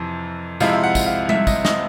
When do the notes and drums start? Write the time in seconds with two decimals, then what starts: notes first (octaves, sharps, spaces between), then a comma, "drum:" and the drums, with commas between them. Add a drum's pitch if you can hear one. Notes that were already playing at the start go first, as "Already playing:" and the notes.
Already playing: F2 C3 E3
0.60 C3 F3 G#3 C4 E4 F5, drum: tambourine
0.73 F5
0.83 F#5
0.95 drum: kick, tambourine
1.06 F5
1.29 E5, drum: tom G3
1.47 D#5, drum: kick, tambourine
1.65 D#5, drum: snare